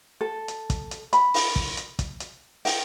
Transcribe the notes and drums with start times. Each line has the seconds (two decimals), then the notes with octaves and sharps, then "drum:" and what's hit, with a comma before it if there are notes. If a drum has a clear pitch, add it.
0.21 A4
0.48 drum: hi-hat
0.70 drum: kick, hi-hat
0.91 drum: hi-hat
1.13 B5, drum: hi-hat
1.34 drum: open hi-hat
1.56 drum: kick
1.77 drum: hi-hat
1.99 drum: kick, hi-hat
2.20 drum: hi-hat
2.65 G5, drum: open hi-hat